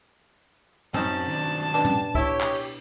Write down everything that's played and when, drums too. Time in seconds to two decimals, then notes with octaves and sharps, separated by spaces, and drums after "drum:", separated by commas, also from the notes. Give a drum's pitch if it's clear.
0.94 F#2 C4 C#4 D#4 A5, drum: tom
1.28 D#3 F#3 D4
1.74 B2 D4 G4
1.85 drum: tom
2.15 E4 G4 C#5, drum: kick C#2
2.41 drum: clap
2.55 drum: cymbal